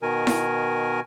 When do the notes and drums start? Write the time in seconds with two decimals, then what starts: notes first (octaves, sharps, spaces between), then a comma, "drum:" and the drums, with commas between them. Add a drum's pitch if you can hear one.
0.02 B2 D#3 A#4 G#5
0.27 drum: snare E4